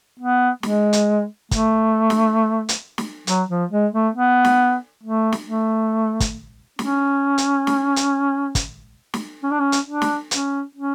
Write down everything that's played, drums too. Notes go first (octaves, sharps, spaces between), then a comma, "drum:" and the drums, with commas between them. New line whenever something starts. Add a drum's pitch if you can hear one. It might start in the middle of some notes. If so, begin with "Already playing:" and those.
B3
G#3, drum: snare
drum: hi-hat
A3, drum: kick, hi-hat
drum: snare
drum: hi-hat
drum: snare
F#3, drum: hi-hat
F3
G#3
A3
B3
drum: snare
A3
drum: snare
A3
drum: kick, hi-hat
C#4, drum: snare
drum: hi-hat
drum: snare
drum: hi-hat
drum: kick, hi-hat
drum: snare
C#4
D4
C#4
drum: hi-hat
D4
drum: snare
C#4, drum: hi-hat
C#4